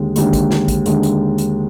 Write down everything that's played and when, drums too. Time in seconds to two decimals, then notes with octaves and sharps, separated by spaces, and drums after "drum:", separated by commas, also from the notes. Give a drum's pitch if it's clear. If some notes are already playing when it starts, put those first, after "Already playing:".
Already playing: D#2 D3 G#3
0.16 D#2 D3 G#3, drum: hi-hat
0.33 drum: kick, hi-hat
0.51 drum: snare
0.68 drum: kick, hi-hat
0.86 D#2 D3 G#3, drum: hi-hat
1.03 drum: hi-hat
1.38 drum: hi-hat